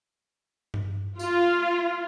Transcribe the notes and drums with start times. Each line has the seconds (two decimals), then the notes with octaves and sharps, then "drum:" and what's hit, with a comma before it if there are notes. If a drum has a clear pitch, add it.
0.74 drum: tom G2
1.19 F4, drum: tambourine